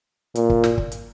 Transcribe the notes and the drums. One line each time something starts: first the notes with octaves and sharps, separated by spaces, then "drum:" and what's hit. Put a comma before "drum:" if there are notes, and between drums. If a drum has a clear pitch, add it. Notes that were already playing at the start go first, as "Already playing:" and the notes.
A#2, drum: hi-hat
drum: kick
drum: snare
drum: kick
drum: hi-hat